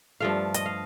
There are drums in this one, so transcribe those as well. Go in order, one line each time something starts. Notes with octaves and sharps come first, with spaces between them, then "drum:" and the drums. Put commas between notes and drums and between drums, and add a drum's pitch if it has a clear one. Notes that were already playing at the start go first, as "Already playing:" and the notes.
G2 F3 A3 F5
D#5, drum: hi-hat
F5